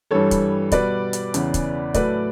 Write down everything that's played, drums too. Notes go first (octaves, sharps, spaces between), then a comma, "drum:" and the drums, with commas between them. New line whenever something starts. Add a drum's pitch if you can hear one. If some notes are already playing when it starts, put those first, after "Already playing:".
G2 E3 G3 A4 C#5
drum: kick, hi-hat
B2 G3 B4 D5, drum: kick, hi-hat
drum: hi-hat
E2 C#3 E3, drum: hi-hat
drum: kick, hi-hat
A2 F#3 A3 B4 D5, drum: kick, hi-hat